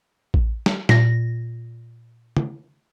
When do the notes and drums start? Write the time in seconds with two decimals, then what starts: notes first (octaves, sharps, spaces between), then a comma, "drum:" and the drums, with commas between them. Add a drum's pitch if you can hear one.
0.34 drum: kick A1
0.66 drum: snare
0.89 A#2 A#6, drum: snare
2.37 drum: tom